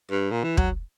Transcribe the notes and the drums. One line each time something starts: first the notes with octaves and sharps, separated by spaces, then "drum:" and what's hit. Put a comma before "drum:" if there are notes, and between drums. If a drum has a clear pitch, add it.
G2
A#2
E3
F#3, drum: kick